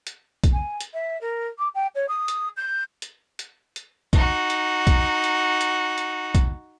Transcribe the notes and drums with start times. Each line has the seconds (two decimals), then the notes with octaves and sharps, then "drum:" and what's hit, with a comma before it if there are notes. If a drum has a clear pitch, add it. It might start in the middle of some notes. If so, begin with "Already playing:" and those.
0.07 drum: hi-hat
0.44 drum: kick B1, hi-hat
0.53 G#5
0.80 drum: hi-hat
0.93 E5
1.21 A#4
1.58 D6
1.74 G5
1.95 C#5
2.08 D#6
2.28 drum: hi-hat
2.56 G6
3.02 drum: hi-hat
3.39 drum: hi-hat
3.76 drum: hi-hat
4.13 D#4 F#4, drum: kick B1, hi-hat
4.50 drum: hi-hat
4.87 drum: kick B1, hi-hat
5.24 drum: hi-hat
5.61 drum: hi-hat
5.98 drum: hi-hat
6.35 drum: kick B1, hi-hat